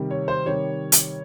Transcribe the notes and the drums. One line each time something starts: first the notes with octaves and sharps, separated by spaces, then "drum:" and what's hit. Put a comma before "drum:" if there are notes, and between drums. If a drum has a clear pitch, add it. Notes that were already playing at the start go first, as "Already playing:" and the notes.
Already playing: C3 D#3 G3
C#5
C5
C3 D#3 G3 C#5
drum: hi-hat